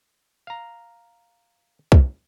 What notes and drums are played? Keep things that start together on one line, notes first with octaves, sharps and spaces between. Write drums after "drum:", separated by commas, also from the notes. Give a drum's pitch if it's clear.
F5 A#5
drum: kick C2